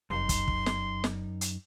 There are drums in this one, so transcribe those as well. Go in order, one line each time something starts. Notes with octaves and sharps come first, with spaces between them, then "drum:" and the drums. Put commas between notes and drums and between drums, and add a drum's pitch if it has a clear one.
F1 F#2 D#4 C6
drum: kick, hi-hat
drum: kick
drum: snare
drum: snare
drum: hi-hat